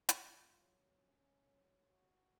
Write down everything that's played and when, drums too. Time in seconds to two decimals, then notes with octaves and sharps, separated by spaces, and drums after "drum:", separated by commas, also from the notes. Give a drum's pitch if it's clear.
0.09 F4, drum: hi-hat
0.53 F#3
0.97 C#4
1.42 F#3
1.87 F#4